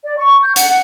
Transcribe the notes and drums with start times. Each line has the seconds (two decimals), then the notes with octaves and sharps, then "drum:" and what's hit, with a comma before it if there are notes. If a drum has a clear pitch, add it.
0.04 D5
0.17 C#6
0.43 G6
0.56 F#5, drum: hi-hat
0.69 F#5